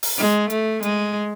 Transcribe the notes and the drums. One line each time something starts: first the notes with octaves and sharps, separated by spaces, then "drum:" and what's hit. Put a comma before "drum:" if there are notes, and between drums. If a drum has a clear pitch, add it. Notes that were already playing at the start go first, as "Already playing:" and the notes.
drum: open hi-hat
G#3
A3, drum: hi-hat
G#3, drum: hi-hat